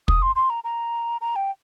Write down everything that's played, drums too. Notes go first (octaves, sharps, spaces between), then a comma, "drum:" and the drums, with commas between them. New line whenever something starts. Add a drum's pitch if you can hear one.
D#6, drum: kick
C6
C6
A#5
A#5
A#5
G5